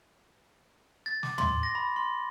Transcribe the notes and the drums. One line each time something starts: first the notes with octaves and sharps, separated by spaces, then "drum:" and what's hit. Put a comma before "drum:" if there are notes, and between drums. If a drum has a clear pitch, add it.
A6
D6, drum: snare
C6, drum: tom
A#6
B5
C6